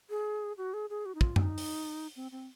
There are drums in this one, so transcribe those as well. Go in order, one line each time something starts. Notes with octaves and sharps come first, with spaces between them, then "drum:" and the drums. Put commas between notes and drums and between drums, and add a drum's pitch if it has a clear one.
G#4
F#4
G#4
G#4
F#4
D#4
F4, drum: kick
D#4, drum: tom F#2
drum: open hi-hat
C4
C4